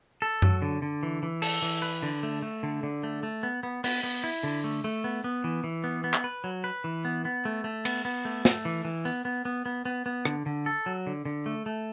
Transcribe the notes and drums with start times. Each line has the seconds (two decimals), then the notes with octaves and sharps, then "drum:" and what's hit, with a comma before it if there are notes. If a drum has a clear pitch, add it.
0.22 A4
0.42 F#3, drum: tom F#2
0.62 D3
0.82 D3
1.03 E3
1.23 E3
1.42 A4, drum: cymbal
1.62 E3
1.82 B4
2.03 D3
2.23 A3
2.42 A3
2.63 D3
2.83 D3
3.03 A3
3.23 A3
3.43 B3
3.63 B3
3.84 B3, drum: open hi-hat
4.03 B3
4.24 E4
4.43 D3
4.64 A3
4.84 A3
5.04 B3
5.24 B3
5.44 E3
5.64 E3
5.84 B3
6.04 B3
6.14 drum: clap
6.24 B4
6.44 F#3
6.64 B4
6.84 E3
7.05 B3
7.25 B3
7.45 A3
7.64 A3
7.85 B3, drum: cymbal
8.05 B3
8.25 A3
8.45 A3, drum: snare
8.65 E3
8.85 E3
9.05 B3, drum: tambourine
9.25 B3
9.45 B3
9.66 B3
9.85 B3
10.06 B3
10.25 D3, drum: rim click
10.46 D3
10.66 A4
10.86 F#3
11.07 D3
11.25 D3
11.46 A3
11.66 A3